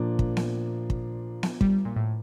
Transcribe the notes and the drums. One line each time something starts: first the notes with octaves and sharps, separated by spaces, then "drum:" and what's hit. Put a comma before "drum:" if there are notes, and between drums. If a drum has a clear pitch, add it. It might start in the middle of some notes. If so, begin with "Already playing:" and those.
Already playing: A#2 F3 A#3 D4
drum: kick
drum: snare B3
drum: kick
drum: snare B3
G3, drum: kick
A#2
A2